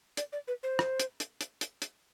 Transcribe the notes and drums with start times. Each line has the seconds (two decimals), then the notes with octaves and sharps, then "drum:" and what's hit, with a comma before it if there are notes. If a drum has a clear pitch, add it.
0.17 D5, drum: hi-hat
0.33 D5
0.48 B4
0.63 C5
0.79 drum: rim click
1.00 drum: hi-hat
1.20 drum: hi-hat
1.41 drum: hi-hat
1.61 drum: hi-hat
1.82 drum: hi-hat